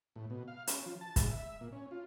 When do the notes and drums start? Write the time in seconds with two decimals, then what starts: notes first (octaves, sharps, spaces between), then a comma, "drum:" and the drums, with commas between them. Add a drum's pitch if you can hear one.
0.16 A2
0.30 B2
0.48 F5
0.67 C#4, drum: hi-hat
0.86 F3
1.01 A5
1.16 G#2, drum: kick, hi-hat
1.31 E5
1.61 A#2
1.72 C#4
1.91 F4